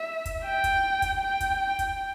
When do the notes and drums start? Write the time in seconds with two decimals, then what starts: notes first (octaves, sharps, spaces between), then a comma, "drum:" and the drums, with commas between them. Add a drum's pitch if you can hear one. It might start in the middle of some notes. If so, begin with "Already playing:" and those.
Already playing: E5
0.25 drum: kick, hi-hat
0.45 G5
0.64 drum: kick, hi-hat
1.02 drum: kick, hi-hat
1.22 G5
1.41 drum: kick, hi-hat
1.79 drum: kick, hi-hat